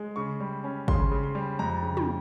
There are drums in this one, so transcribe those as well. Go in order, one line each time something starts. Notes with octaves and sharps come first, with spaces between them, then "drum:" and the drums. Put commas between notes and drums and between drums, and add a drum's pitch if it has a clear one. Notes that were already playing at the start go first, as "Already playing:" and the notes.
Already playing: G#3
C#3 C#6
G3
C#4
C#3 C6, drum: kick
C#3
C6
G3
F2 A#5
C#3
drum: tom